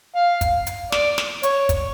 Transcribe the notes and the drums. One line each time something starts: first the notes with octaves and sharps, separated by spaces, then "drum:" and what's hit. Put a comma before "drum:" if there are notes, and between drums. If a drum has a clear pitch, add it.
F5
drum: kick, hi-hat
drum: hi-hat
D5, drum: snare
drum: snare
C#5, drum: hi-hat
drum: kick, hi-hat